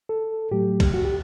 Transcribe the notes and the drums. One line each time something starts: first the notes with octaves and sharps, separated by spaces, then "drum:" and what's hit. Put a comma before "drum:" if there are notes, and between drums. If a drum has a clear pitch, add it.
A4
A2 F#3 A3 G4
drum: kick, cymbal
F#4
G4